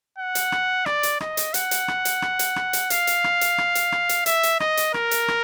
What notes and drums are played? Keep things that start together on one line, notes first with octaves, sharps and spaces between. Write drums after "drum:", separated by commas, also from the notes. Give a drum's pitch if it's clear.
F#5
drum: hi-hat
drum: rim click
D5, drum: rim click
drum: hi-hat
D#5, drum: rim click
drum: hi-hat
F#5, drum: hi-hat
drum: hi-hat
drum: rim click
drum: hi-hat
drum: rim click
drum: hi-hat
drum: rim click
drum: hi-hat
F5, drum: hi-hat
drum: hi-hat
drum: rim click
drum: hi-hat
drum: rim click
drum: hi-hat
drum: rim click
drum: hi-hat
E5, drum: hi-hat
drum: hi-hat
D#5, drum: rim click
drum: hi-hat
A#4, drum: rim click
drum: hi-hat
drum: rim click